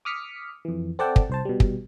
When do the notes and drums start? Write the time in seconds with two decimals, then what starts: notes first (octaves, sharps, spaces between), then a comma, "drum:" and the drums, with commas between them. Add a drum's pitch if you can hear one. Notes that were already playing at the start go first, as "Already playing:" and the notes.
0.05 D6 D#6 F6 B6 C#7
0.65 F2 E3
0.99 C4 A4 D5 F#5 G5 A5
1.16 drum: kick
1.30 C2 C5 A5
1.45 B2 G3
1.60 drum: kick